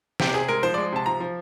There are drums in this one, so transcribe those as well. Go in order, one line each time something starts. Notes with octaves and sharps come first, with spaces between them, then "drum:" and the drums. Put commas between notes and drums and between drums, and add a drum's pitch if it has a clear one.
C3 G4, drum: snare
C3 G#4
G#3 A#4
F3 C5
G#3 D5
C3 A5
F3 A#5
F3